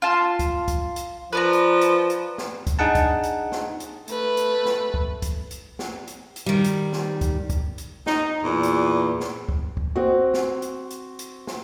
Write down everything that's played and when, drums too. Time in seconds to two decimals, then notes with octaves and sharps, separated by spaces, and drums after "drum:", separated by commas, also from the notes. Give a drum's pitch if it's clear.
0.02 F4 A5
0.39 drum: kick, hi-hat
0.68 drum: kick, hi-hat
0.96 drum: hi-hat
1.33 F3 B4 D5 A#5
1.53 drum: hi-hat
1.81 drum: hi-hat
2.10 drum: hi-hat
2.38 drum: snare
2.67 drum: kick, hi-hat
2.79 D4 D#4 G#4 F#5 A5
2.95 drum: kick, hi-hat
3.23 drum: hi-hat
3.52 drum: snare
3.80 drum: hi-hat
4.08 A3 B4, drum: hi-hat
4.37 drum: hi-hat
4.66 drum: snare
4.94 drum: kick
5.22 drum: kick, hi-hat
5.51 drum: hi-hat
5.79 drum: snare
6.08 drum: hi-hat
6.36 drum: hi-hat
6.46 D#3 G3
6.64 drum: hi-hat
6.93 drum: snare
7.21 drum: kick, hi-hat
7.50 drum: kick, hi-hat
7.78 drum: hi-hat
8.06 D#4, drum: snare
8.43 E2 A#2
8.63 drum: hi-hat
9.20 drum: snare
9.49 drum: kick
9.77 drum: kick
9.96 C4 F#4
10.34 drum: snare
10.62 drum: hi-hat
10.91 drum: hi-hat
11.19 drum: hi-hat
11.47 drum: snare